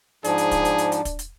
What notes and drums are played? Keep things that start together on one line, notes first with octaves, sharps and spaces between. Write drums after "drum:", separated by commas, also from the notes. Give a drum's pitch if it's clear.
G#2 F3 D4 G#4, drum: hi-hat
drum: hi-hat
drum: kick, hi-hat
drum: hi-hat
drum: hi-hat
drum: hi-hat
drum: kick, hi-hat
drum: hi-hat